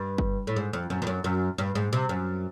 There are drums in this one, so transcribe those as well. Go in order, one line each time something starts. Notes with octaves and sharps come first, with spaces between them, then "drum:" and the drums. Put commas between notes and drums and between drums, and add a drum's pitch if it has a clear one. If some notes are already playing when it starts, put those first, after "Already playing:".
Already playing: G2
drum: kick
A2
G#2
F2
F#2
F2
F#2
F#2
G2
G#2
C3
F#2